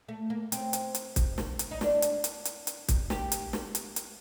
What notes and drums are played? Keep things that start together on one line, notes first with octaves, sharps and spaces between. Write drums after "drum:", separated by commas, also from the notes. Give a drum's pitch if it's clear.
A3
A#3
C4, drum: hi-hat
drum: hi-hat
drum: hi-hat
drum: kick, hi-hat
drum: snare
drum: hi-hat
D#4
D4, drum: snare
drum: hi-hat
drum: hi-hat
drum: hi-hat
drum: hi-hat
drum: kick, hi-hat
G4, drum: snare
drum: hi-hat
drum: snare
drum: hi-hat
drum: hi-hat